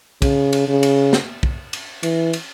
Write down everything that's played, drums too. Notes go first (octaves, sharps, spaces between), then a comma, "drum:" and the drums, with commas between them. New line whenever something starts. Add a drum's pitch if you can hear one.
C#3, drum: kick, cymbal
drum: cymbal
C#3
drum: cymbal
drum: snare
drum: kick
drum: cymbal
E3, drum: cymbal
drum: cymbal